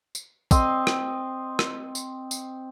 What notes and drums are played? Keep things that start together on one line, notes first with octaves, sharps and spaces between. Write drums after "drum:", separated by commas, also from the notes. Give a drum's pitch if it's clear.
drum: tambourine
C4 D#5, drum: kick, tambourine
drum: rim click
drum: rim click
drum: tambourine
drum: tambourine